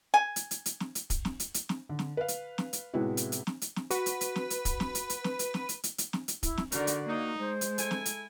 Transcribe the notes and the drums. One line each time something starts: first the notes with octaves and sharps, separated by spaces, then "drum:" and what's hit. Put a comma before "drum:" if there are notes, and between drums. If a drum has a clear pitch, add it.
G#5
drum: hi-hat
drum: hi-hat
drum: hi-hat
drum: snare
drum: hi-hat
drum: kick, hi-hat
drum: snare
drum: hi-hat
drum: hi-hat
drum: snare
D3
drum: snare
B4 F5
drum: hi-hat
drum: snare
drum: hi-hat
A2 C3 G#3 B3 E4 F#4
drum: hi-hat
drum: hi-hat
drum: snare
drum: hi-hat
drum: snare
F#4 B4, drum: hi-hat
drum: hi-hat
drum: hi-hat
drum: snare
drum: hi-hat
drum: kick, hi-hat
drum: snare
drum: hi-hat
drum: hi-hat
drum: snare
drum: hi-hat
drum: snare
drum: hi-hat
drum: hi-hat
drum: hi-hat
drum: snare
drum: hi-hat
E4, drum: kick, hi-hat
drum: snare
D3 D#4 F#4 A#4 D5, drum: hi-hat
drum: hi-hat
A#3 D#4
G#3 C5
drum: hi-hat
E4 A4 G#5, drum: hi-hat
drum: snare
drum: hi-hat